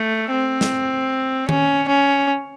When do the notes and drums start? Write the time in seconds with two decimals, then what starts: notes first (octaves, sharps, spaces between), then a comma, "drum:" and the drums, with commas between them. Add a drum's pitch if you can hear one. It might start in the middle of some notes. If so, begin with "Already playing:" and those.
Already playing: A3
0.31 C4
0.61 drum: snare
1.49 C#4, drum: tom D#3
1.88 C#4